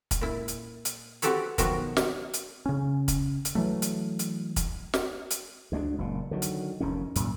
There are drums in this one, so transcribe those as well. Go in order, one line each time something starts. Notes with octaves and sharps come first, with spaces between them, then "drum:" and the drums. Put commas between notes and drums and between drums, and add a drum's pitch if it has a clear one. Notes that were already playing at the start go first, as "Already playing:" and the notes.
drum: kick, hi-hat
A#2 E4
drum: hi-hat
drum: hi-hat
C4 F#4 G4 A4 B4 C#5, drum: hi-hat
B2 D#3 F3 F#3 B3 F#4, drum: kick, hi-hat
drum: snare
drum: hi-hat
C#3 C#4
drum: kick, hi-hat
drum: hi-hat
E3 F#3 A3
drum: hi-hat
drum: hi-hat
drum: kick, hi-hat
drum: snare
drum: hi-hat
D2 G#3 B3 D4
F#1 A#2
D3 D#3 F#3
drum: hi-hat
F1 D#2 D#3 C#4
F#2 A#2, drum: hi-hat